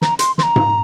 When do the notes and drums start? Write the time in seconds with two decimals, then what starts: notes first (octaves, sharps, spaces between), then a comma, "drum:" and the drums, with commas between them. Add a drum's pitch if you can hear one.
0.02 A#5, drum: snare
0.19 C6, drum: hi-hat
0.38 C6, drum: snare
0.43 A#5
0.56 drum: tom G#2